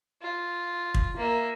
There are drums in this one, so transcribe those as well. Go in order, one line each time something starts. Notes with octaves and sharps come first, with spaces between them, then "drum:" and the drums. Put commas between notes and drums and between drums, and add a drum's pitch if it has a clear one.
F4
drum: kick
A#3 E5